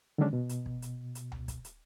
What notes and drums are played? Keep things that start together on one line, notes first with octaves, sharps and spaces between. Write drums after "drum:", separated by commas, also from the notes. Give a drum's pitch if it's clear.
D3 D#3 F#3 G#3 C#4 D4
B2
drum: hi-hat
drum: kick
drum: hi-hat
drum: hi-hat
drum: tom C#2
drum: kick, hi-hat
drum: hi-hat